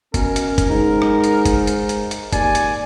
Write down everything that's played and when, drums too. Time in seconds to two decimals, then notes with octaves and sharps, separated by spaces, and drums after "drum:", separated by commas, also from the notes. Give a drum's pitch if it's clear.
0.14 B2 C#4 A#4, drum: kick, hi-hat
0.36 drum: hi-hat
0.58 drum: kick, hi-hat
0.70 G#2 D#4
1.02 drum: rim click
1.24 drum: hi-hat
1.45 drum: kick, hi-hat
1.67 drum: hi-hat
1.89 drum: hi-hat
2.11 drum: hi-hat
2.33 D#2 D5 G#5, drum: kick, hi-hat
2.55 drum: hi-hat